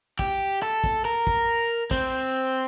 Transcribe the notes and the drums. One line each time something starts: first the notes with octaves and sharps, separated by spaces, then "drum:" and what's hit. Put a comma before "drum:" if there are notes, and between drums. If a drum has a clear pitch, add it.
G4, drum: kick
A4
drum: kick
A#4
drum: kick
C4, drum: kick